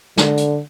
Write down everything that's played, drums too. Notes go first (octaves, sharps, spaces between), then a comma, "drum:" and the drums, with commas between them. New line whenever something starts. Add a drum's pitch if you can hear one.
D3, drum: snare
drum: hi-hat